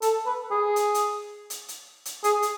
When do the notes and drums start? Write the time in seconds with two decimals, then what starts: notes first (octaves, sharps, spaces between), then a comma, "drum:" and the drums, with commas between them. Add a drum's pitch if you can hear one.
0.02 A4, drum: hi-hat
0.26 B4
0.51 G#4
0.76 drum: hi-hat
0.94 drum: hi-hat
1.50 drum: hi-hat
1.68 drum: hi-hat
2.05 drum: hi-hat
2.24 G#4, drum: hi-hat
2.42 drum: hi-hat